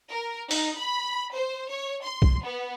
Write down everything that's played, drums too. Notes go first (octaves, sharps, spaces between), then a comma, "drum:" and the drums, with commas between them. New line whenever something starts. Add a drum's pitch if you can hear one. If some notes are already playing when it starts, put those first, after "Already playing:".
A#4
D#4, drum: open hi-hat
B5
C5
C#5
C6
drum: kick
B3